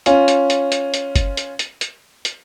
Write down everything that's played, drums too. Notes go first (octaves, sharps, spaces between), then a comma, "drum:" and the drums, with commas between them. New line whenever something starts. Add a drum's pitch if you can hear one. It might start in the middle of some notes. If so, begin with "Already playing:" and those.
C#4 F4, drum: hi-hat
drum: hi-hat
drum: hi-hat
drum: hi-hat
drum: hi-hat
drum: kick G1, hi-hat
drum: hi-hat
drum: hi-hat
drum: hi-hat
drum: hi-hat